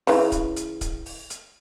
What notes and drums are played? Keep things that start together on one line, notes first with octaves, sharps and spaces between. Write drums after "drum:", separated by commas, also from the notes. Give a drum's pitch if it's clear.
C#3 E3, drum: open hi-hat
drum: kick D1, hi-hat
drum: hi-hat
drum: kick D1, hi-hat
drum: open hi-hat
drum: hi-hat